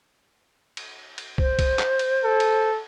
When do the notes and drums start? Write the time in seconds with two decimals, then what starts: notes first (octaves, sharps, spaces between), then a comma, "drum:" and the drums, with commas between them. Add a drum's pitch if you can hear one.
0.77 drum: cymbal
1.18 drum: cymbal
1.38 C5, drum: kick
1.59 drum: kick, cymbal
1.79 drum: clap
1.99 drum: cymbal
2.24 A4
2.40 drum: cymbal